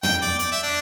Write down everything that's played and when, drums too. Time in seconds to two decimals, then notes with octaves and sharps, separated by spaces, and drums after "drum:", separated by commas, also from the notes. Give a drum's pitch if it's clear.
0.03 G5, drum: tom
0.22 D5
0.39 D5, drum: hi-hat
0.52 E5
0.63 D4